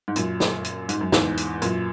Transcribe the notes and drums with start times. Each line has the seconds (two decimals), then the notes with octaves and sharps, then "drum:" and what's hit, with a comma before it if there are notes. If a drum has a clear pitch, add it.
0.08 G#2
0.16 F#2 A#2, drum: hi-hat
0.40 drum: snare
0.65 drum: hi-hat
0.89 G#2, drum: hi-hat
1.01 F#2
1.12 E2 G#2, drum: snare
1.37 drum: hi-hat
1.62 F#2 A#2, drum: hi-hat